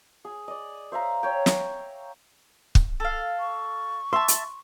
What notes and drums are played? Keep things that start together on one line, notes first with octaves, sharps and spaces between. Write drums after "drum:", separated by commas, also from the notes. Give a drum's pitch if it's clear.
G#4
D5 D#5
C5 E5 F5 A#5
C#5 G5
drum: snare
drum: kick
A4 F5
C#6
E5 A5 C6
drum: hi-hat